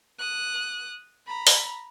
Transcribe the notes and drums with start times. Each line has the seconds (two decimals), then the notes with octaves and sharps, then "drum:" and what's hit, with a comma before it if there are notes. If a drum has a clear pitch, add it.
0.19 D#6 F#6
1.27 A#5 B5
1.47 drum: open hi-hat